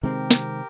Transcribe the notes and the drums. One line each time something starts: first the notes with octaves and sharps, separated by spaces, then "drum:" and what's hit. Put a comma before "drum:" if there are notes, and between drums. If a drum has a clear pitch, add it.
C3 D#3 G#3 C4 G4 A#4
drum: snare